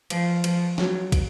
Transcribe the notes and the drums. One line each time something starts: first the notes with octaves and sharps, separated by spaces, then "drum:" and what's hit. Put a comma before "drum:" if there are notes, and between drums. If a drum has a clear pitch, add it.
F3, drum: cymbal
F3, drum: cymbal
F#3, drum: snare
drum: kick, cymbal